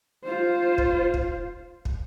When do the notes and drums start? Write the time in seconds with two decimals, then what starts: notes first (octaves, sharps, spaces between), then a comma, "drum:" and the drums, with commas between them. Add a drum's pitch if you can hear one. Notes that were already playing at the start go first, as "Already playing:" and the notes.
0.24 F4 C5
0.78 drum: kick
1.14 drum: kick
1.85 drum: kick